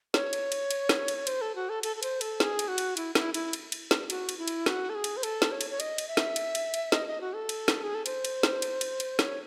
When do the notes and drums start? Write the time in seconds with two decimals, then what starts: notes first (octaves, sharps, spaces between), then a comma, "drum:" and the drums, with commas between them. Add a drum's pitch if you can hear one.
0.14 C#5, drum: snare
0.33 drum: cymbal
0.52 drum: cymbal
0.71 drum: cymbal
0.89 drum: snare
1.08 drum: cymbal
1.27 C5, drum: cymbal
1.41 A4
1.55 F#4
1.69 A4
1.83 A4, drum: cymbal
1.96 A4
2.03 C5, drum: cymbal
2.21 A4, drum: cymbal
2.40 G#4, drum: snare
2.59 drum: cymbal
2.68 F#4
2.78 drum: cymbal
2.97 E4, drum: cymbal
3.15 E4, drum: snare
3.34 E4, drum: cymbal
3.53 drum: cymbal
3.72 drum: cymbal
3.91 drum: snare
4.10 F#4, drum: cymbal
4.29 drum: cymbal
4.38 E4
4.48 drum: cymbal
4.66 F#4, drum: snare
4.90 A4
4.95 G#4
5.04 drum: cymbal
5.17 C5
5.23 A4, drum: cymbal
5.42 drum: snare
5.51 C#5
5.61 drum: cymbal
5.70 C#5
5.80 D#5, drum: cymbal
5.98 drum: cymbal
6.08 E5
6.17 drum: snare
6.36 drum: cymbal
6.55 drum: cymbal
6.74 drum: cymbal
6.92 D#5, drum: snare
7.07 D#5
7.21 F#4
7.35 A4
7.49 drum: cymbal
7.68 drum: snare
7.83 G#4
7.95 A4
8.06 C5, drum: cymbal
8.25 drum: cymbal
8.43 drum: snare
8.62 drum: cymbal
8.81 drum: cymbal
9.00 drum: cymbal
9.19 C#5, drum: snare